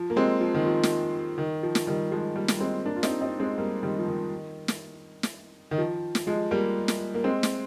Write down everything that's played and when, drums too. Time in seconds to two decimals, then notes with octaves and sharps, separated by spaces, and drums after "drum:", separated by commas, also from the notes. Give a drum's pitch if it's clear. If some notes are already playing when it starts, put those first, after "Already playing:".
Already playing: F3
0.10 A#3
0.16 G#3 C4
0.41 F3
0.54 D#3
0.66 F3
0.83 drum: snare
1.38 D#3
1.63 F3
1.75 drum: snare
1.87 D#3 G3
2.12 F3 G#3
2.36 G3 A#3
2.48 drum: snare
2.60 G#3 C4
2.85 A#3 D4
2.96 F4
3.03 C4 D#4, drum: snare
3.21 C4 D#4
3.40 G#3 C4
3.58 G3 A#3
3.83 D#3 G3
3.99 F3
4.07 D#3
4.68 drum: snare
5.23 drum: snare
5.71 D#3
5.78 F3
6.15 drum: snare
6.27 F3 G#3
6.51 G3 A#3
6.88 drum: snare
7.14 A#3
7.24 G#3 C4
7.43 drum: snare